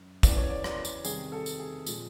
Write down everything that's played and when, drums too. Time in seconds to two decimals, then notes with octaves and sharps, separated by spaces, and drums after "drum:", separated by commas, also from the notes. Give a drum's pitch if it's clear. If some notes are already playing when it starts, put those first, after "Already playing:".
Already playing: F#2
0.23 E2 C#3 E3 D5, drum: kick, tambourine
0.37 C#5
0.49 D5
0.64 D5, drum: rim click
0.85 drum: tambourine
1.05 C3 D#3 G3 G#4, drum: tambourine
1.32 A4
1.46 drum: tambourine
1.60 G#4
1.87 A#2 F3 G#3, drum: tambourine